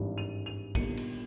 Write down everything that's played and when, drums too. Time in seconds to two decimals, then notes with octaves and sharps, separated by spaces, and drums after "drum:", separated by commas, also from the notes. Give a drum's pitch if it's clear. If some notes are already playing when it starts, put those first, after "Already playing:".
Already playing: G#1 G2 E3
0.18 D#7 F7
0.46 D#7 F7
0.75 G1 G2 D#3 G3 A#3 C#7 D#7, drum: kick, cymbal
0.97 drum: cymbal